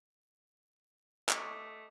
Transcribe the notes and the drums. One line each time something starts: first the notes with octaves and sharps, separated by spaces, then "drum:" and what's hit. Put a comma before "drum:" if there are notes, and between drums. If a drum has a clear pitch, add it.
A3 D#5 C#6 D6, drum: clap